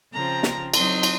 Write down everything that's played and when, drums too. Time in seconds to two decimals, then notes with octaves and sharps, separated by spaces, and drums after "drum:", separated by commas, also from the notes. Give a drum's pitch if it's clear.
0.13 C#3 F3 C4 A#5
0.43 drum: snare
0.74 F#3 C4 D#4 C6, drum: cymbal
1.03 drum: cymbal